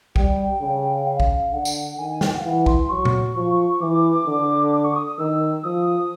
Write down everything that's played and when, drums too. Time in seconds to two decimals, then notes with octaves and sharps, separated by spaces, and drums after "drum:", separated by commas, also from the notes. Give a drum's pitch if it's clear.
0.16 G3 G5, drum: kick
0.61 C#3
1.07 F5
1.20 drum: kick
1.53 D3 F#5
1.65 drum: tambourine
1.99 D#3 G#5
2.10 G#5
2.21 G5, drum: snare
2.33 F#5
2.40 F5
2.44 E3 F#5
2.66 C6, drum: kick
2.89 F#3 C#6
3.05 drum: tom A#2
3.36 F3
3.81 E3 D6
4.27 D3
4.73 D6
4.84 C#6
4.95 D#6
5.07 D#6
5.18 D#3 E6
5.64 F3 D#6